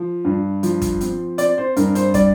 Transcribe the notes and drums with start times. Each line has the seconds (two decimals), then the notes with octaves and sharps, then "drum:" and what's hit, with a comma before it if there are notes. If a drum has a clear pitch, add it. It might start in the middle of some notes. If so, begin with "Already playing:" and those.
Already playing: F3
0.25 G2
0.63 F3, drum: hi-hat
0.82 drum: kick, hi-hat
1.01 C4, drum: hi-hat
1.38 C4 D5, drum: hi-hat
1.58 C5
1.76 G2 A#4, drum: hi-hat
1.95 C5, drum: hi-hat
2.14 G3 D5, drum: kick, hi-hat